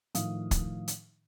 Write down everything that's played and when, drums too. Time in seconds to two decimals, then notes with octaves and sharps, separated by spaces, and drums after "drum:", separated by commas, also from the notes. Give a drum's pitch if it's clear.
0.15 A2 D#3 F3 F5 D#6, drum: hi-hat
0.51 drum: kick, hi-hat
0.88 drum: hi-hat